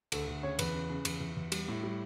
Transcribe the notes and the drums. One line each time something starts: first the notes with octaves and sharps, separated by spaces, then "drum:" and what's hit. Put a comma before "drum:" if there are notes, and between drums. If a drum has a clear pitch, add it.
D2 A4, drum: cymbal
D2
C#3 C#5
E2 B4, drum: cymbal
C#3
C#3
E2, drum: cymbal
E2
E2
G3, drum: cymbal
A2
G3